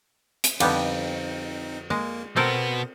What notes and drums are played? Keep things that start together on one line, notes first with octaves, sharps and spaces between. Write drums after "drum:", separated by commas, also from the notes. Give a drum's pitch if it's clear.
drum: hi-hat
F2 D3 G3 B3 C4 D#4, drum: cymbal
G#3 A#3
B2 B3 C4 A4 A#4 C5